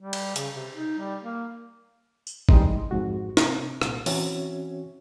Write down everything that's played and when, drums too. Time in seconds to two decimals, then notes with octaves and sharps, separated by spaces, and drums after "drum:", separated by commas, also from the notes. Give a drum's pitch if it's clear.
0.01 G3
0.13 drum: cymbal
0.36 C#3, drum: hi-hat
0.55 C3
0.74 D#4
0.98 G3
1.23 A#3
2.27 drum: tambourine
2.49 E3 G3 G#3 D#4 D#5 C6, drum: kick G#1
2.91 F2 G#2 F#4
3.37 C3 C4, drum: snare
3.82 C2 A#2, drum: rim click
4.06 E3 C4 C#4 F#4 C#5 E5, drum: open hi-hat